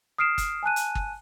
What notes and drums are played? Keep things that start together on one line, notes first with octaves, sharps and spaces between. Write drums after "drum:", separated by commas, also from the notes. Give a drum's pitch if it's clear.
D#6 F6 C7 D7 E7
drum: kick G1, hi-hat
G#5 A5 F#6 D#7
drum: hi-hat
drum: kick G1